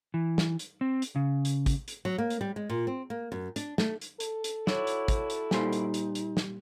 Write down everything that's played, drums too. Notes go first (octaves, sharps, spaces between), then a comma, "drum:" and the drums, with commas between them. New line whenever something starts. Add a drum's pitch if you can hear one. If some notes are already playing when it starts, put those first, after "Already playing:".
E3
drum: snare
drum: hi-hat
C4
drum: hi-hat
C#3
drum: hi-hat
drum: kick, hi-hat
drum: hi-hat
F#3
A#3
drum: hi-hat
G3
G#3
A#2
C4
A#3
F#2
D4, drum: hi-hat
A3, drum: snare
drum: hi-hat
A4, drum: hi-hat
drum: hi-hat
E4 F#4 C#5 D5, drum: snare
drum: hi-hat
drum: kick, hi-hat
drum: hi-hat
A#2 G3 D#4 C5, drum: snare
drum: hi-hat
drum: hi-hat
drum: hi-hat
drum: snare